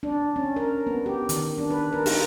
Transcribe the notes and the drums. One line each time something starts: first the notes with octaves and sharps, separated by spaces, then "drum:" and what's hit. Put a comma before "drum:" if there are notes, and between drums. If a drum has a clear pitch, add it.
D4
C#4
A#4
B3
G4
D#3, drum: hi-hat
D4
B4
A#4
D#4, drum: open hi-hat